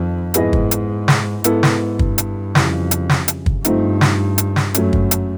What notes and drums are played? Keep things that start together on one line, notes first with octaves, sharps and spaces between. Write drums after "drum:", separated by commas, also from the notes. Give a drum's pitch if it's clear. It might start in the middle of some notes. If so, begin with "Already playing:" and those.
Already playing: F2 D#3
G#2 B3 E4 G#4 B4 D#5, drum: hi-hat
drum: kick
drum: hi-hat
drum: snare
G#2 B3 E4 A4, drum: hi-hat
drum: snare
G2, drum: kick
drum: hi-hat
F2 C#3 E3 G3, drum: snare
drum: hi-hat
drum: snare
drum: hi-hat
drum: kick
G2 F3 A3 C4 D#4, drum: hi-hat
drum: snare
drum: hi-hat
drum: snare
F#2 F#3 A3 C#4, drum: hi-hat
drum: kick
drum: hi-hat